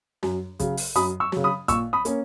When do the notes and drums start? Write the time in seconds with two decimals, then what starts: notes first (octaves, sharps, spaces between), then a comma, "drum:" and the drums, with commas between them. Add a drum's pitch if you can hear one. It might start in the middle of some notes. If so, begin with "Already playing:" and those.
0.23 F#2, drum: snare
0.59 C#3 F#3, drum: kick, hi-hat
0.77 drum: open hi-hat
0.95 F#2 B5 D#6, drum: hi-hat
1.20 C#6 E6
1.32 C#3 F#3, drum: snare
1.44 B5 D#6
1.68 A#2 C#6 E6, drum: kick, hi-hat
1.93 B5 D#6
2.05 A#3 C#4, drum: hi-hat